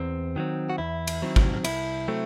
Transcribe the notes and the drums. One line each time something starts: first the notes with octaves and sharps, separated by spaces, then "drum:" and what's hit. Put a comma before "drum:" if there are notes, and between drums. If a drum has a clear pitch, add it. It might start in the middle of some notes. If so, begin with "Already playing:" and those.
Already playing: E2 C4
D#3 F#3 C4
F#4
E2 E4
drum: cymbal
D#3 F#3 C4
drum: kick
C2 E4, drum: cymbal
C3 F#3 A3 C4